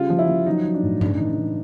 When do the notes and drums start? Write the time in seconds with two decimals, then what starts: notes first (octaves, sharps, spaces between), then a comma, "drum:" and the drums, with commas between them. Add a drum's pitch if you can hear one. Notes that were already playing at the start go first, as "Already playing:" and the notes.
Already playing: C#3 G3 F4
0.10 F3
0.19 E4
0.28 F3
0.46 F#3 D#4
0.65 F#3
0.74 D4
0.83 A2
1.01 C#3 D4, drum: tom G2
1.15 D#4
1.20 E3
1.28 D4
1.38 E3